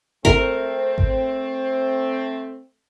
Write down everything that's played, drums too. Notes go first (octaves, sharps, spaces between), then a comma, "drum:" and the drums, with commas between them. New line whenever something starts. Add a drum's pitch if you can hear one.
A3 C4 A#4, drum: kick G#1
drum: kick G#1